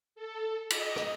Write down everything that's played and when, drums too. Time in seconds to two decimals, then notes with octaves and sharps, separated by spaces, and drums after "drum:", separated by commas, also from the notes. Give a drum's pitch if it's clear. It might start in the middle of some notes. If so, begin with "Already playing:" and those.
0.15 A4
0.70 D#5, drum: cymbal
0.96 drum: rim click